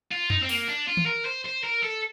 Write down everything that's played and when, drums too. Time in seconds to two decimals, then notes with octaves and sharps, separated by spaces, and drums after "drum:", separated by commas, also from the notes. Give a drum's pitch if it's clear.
0.11 F4
0.30 D#4, drum: tom F2
0.43 C4
0.49 A#3, drum: open hi-hat
0.68 D4
0.88 F4
0.97 drum: tom D#3
1.06 A#4
1.25 C5
1.45 C5
1.63 A#4
1.83 A4